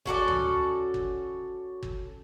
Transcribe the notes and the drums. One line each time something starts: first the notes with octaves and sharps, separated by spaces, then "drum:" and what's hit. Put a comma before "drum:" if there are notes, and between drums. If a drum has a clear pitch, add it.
C#4 F#4 A4 D5, drum: kick
drum: tom D2
drum: kick
drum: kick